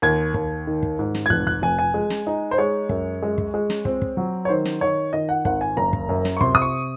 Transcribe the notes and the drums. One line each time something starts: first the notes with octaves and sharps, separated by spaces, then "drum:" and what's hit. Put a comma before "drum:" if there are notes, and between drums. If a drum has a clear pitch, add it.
D#2 G#6
D#2, drum: kick
D#3
drum: kick
G#2
drum: snare
G#6
F1 F#6, drum: kick
F#6, drum: kick
F1 G#5
G#5
G#3
drum: snare
D#4
C5
G#3 C#5
F#2, drum: kick
G#3
drum: kick
G#3
drum: snare
C4, drum: kick
drum: kick
F#3
C#5
D#3 C5
drum: snare
D#3 C#5
D#3 D#5
F#5
G#1 F#5, drum: kick
G#5
F#1 A#5
drum: kick
F#2
drum: snare
C#6
C3 C6, drum: kick
D#6, drum: kick
C#6